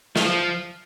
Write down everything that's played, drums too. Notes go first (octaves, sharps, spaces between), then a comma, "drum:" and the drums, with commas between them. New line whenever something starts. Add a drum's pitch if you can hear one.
D#3, drum: snare
F3